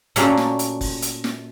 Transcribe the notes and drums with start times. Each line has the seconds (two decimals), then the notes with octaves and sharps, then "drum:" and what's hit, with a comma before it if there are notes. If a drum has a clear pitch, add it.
0.16 A#2 F#3 A3 A#3 C#4 D4, drum: hi-hat
0.37 drum: snare
0.59 drum: hi-hat
0.81 drum: kick F1, open hi-hat
1.02 drum: hi-hat
1.24 drum: snare